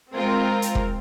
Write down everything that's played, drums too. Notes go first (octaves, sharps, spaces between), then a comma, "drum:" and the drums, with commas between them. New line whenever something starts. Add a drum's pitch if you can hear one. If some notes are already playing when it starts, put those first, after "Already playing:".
G#3 C4 F4 A#4
drum: hi-hat
drum: kick E1